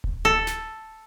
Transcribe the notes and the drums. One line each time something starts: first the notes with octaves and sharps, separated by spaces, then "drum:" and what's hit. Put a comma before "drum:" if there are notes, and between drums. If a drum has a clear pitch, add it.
drum: kick D1
A4
drum: snare